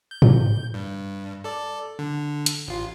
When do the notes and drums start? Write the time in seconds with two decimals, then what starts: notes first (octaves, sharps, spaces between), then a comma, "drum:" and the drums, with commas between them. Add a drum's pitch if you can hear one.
0.11 G6
0.22 drum: tom G#2
0.74 G2
1.44 A4 D5
1.99 D3
2.46 drum: hi-hat
2.68 A1 F4